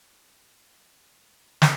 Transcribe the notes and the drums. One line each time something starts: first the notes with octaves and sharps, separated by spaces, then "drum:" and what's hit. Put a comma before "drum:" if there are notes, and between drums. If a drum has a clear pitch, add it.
E5 F5
drum: snare